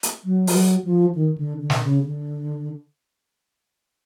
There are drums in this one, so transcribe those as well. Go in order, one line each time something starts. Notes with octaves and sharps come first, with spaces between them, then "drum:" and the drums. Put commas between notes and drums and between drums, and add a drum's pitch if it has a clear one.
drum: hi-hat
F#3
F3, drum: open hi-hat
F#3
F3
D#3
D3
D3
drum: snare
C#3
D3